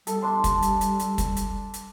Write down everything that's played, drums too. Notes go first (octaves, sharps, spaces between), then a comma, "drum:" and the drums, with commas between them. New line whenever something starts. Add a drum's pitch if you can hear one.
G3 A4, drum: hi-hat
D4 C6
drum: kick, hi-hat
drum: hi-hat
drum: hi-hat
drum: hi-hat
drum: kick, hi-hat
drum: hi-hat
drum: hi-hat